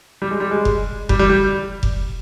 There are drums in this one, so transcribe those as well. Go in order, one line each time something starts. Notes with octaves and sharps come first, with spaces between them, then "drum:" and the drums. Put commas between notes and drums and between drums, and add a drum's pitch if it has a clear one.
G3
G#3
G3
G#3
drum: kick F1
G3, drum: kick F1
G3
G3
drum: kick F1